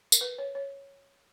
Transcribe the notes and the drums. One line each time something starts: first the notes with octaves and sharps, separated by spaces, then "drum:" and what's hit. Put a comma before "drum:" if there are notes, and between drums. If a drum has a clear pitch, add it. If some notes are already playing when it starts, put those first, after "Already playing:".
A#4, drum: tambourine
B4
C#5
C#5